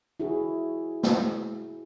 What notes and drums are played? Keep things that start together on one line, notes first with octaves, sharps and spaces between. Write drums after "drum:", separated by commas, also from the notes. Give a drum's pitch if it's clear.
E4 F#4 G#4
drum: snare